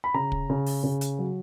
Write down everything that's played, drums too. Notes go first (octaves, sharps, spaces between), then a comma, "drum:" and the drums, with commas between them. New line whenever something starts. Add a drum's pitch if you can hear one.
B5
C#3 A#5
drum: kick
C#3
drum: open hi-hat
C#3
drum: hi-hat
F#3